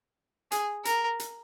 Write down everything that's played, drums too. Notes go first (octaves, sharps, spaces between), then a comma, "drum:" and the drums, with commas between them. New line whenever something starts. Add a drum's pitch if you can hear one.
G#4, drum: hi-hat
A#4, drum: hi-hat
drum: hi-hat